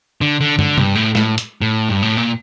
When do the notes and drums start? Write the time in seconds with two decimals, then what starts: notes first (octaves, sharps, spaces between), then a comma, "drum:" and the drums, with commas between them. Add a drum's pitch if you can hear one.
0.21 D3
0.40 D3
0.59 D3, drum: tom
0.78 G2, drum: tom
0.95 A2
1.15 A2, drum: snare
1.38 drum: hi-hat
1.61 A2
1.89 G2
2.02 A2
2.17 A#2